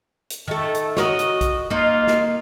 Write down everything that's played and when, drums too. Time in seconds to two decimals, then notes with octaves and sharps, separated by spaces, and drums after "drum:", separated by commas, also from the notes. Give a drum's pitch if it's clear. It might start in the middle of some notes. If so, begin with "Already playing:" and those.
0.30 drum: hi-hat
0.48 D#3 A3 A4
0.75 drum: hi-hat
0.97 F#4 A#4 C#5 D#5, drum: snare
1.19 drum: hi-hat
1.41 drum: kick, hi-hat
1.70 A#3 D#4 F4
2.07 drum: snare